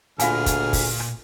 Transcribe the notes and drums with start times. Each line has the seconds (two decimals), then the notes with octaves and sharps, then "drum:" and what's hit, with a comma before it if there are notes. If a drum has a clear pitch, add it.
0.20 D2 A#2 F4 G#4 F5 G#5 F6, drum: hi-hat
0.46 drum: kick, hi-hat
0.73 drum: kick, open hi-hat
1.00 drum: rim click